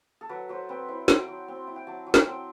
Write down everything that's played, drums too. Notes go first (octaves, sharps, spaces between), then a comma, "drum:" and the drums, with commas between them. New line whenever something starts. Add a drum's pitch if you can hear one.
A4
F#3 B4
F#3 C5
C4 B4
E4 C5
F#3 G5, drum: snare
F#3
C4
E4
G5
F#3 A5
F#3
A5, drum: snare
C4 G5